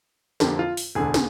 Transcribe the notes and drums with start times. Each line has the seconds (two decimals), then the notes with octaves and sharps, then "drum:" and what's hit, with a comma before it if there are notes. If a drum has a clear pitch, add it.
0.40 F2 D3 F3 A#3 G4, drum: snare
0.59 F4
0.77 drum: open hi-hat
0.95 E1 D2 D3 G#4
1.14 drum: snare